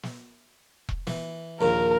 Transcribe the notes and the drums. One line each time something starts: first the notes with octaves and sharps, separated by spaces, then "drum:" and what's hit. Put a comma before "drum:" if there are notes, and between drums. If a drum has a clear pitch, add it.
drum: snare
drum: kick E1
E3, drum: snare
A#1 D#2 A#2 A#4